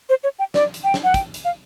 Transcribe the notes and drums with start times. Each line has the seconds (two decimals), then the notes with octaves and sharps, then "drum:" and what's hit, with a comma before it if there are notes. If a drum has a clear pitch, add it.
0.09 C5
0.24 C#5
0.39 G5
0.54 D5, drum: snare
0.74 drum: hi-hat
0.84 G5
0.94 drum: snare
1.04 F#5
1.14 G5, drum: kick, hi-hat
1.34 drum: hi-hat
1.45 F5